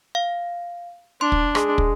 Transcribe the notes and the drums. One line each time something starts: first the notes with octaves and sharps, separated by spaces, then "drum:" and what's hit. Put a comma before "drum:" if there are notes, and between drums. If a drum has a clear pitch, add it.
F5
D4 C6
drum: kick
G#3, drum: rim click
drum: kick